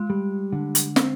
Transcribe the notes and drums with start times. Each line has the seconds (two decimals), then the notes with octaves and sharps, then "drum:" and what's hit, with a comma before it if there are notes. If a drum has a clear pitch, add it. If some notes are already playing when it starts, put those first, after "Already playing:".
Already playing: G#3 F4
0.10 G3
0.52 D3
0.75 drum: hi-hat
0.96 C4, drum: snare